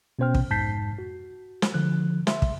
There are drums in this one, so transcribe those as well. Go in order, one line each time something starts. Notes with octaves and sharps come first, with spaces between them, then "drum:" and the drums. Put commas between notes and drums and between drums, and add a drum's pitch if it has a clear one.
B2 B3 C#4 C5 G5 F6
drum: kick
F2 G#2 A5 G6 B6 C7
F#4
drum: snare
D3 F3 F#6
E5 C6, drum: snare
drum: kick